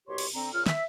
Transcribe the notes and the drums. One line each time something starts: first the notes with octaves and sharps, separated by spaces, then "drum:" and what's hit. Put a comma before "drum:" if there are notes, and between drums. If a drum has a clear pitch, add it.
C2 B2 G4 C#5 C6 C#6
drum: cymbal
D3 C4 A#5
A#2 C#3 F4 F6
E5, drum: snare